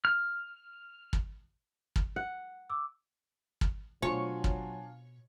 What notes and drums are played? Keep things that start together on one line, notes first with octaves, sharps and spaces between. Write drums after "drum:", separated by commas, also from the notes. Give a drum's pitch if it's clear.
F6
drum: kick
drum: kick
F#5
D6 E6
drum: kick
B2 F#3 D4 F4 C#5 G#5
drum: kick